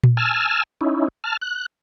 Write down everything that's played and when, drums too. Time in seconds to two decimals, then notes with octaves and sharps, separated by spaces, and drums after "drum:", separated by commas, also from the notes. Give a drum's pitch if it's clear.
0.03 drum: tom A#2
0.17 G#5 A5 E6 F6
0.81 C#4 D#4 E4
1.24 A5 F6
1.41 F#6